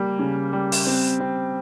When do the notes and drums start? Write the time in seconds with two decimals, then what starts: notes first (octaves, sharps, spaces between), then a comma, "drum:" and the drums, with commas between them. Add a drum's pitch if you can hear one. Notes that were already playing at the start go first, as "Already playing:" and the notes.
Already playing: G3 A#3
0.19 C#3
0.53 G3
0.72 drum: open hi-hat
0.87 C4
1.20 C4